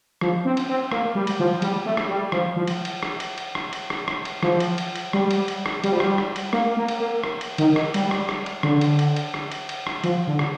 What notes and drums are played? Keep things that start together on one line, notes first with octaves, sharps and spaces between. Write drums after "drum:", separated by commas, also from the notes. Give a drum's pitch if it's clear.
F3, drum: rim click
C4
drum: cymbal
C4
A#3, drum: rim click
G3
drum: cymbal
F3
G3, drum: cymbal
A3
drum: rim click
G3
F3, drum: rim click
F3
drum: cymbal
drum: cymbal
drum: rim click
drum: cymbal
drum: cymbal
drum: rim click
drum: cymbal
drum: rim click
drum: rim click
drum: cymbal
F3, drum: rim click
drum: cymbal
drum: cymbal
drum: cymbal
G3, drum: rim click
drum: cymbal
drum: cymbal
drum: rim click
G3, drum: cymbal
F3
G3, drum: rim click
drum: rim click
drum: cymbal
A#3, drum: rim click
A#3
drum: cymbal
A#3
drum: rim click
drum: cymbal
D#3, drum: cymbal
drum: rim click
G3, drum: cymbal
drum: rim click
drum: rim click
drum: cymbal
D3, drum: rim click
drum: cymbal
drum: cymbal
drum: cymbal
drum: rim click
drum: cymbal
drum: cymbal
drum: rim click
F3, drum: cymbal
D3
drum: rim click